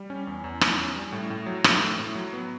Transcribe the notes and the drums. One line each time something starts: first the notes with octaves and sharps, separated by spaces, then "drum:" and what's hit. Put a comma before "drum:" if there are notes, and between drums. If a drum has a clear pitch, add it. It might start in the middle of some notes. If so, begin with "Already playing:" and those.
Already playing: G3
C#4
E2
E2
E2, drum: rim click
C#4
G3
A2
A2
F#3
A2, drum: rim click
A2
A2
F#3
B3